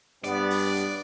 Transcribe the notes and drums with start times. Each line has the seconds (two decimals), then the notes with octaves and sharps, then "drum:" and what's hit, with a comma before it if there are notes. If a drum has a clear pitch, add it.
0.24 G2 B3 D5, drum: hi-hat
0.50 drum: open hi-hat
0.77 drum: hi-hat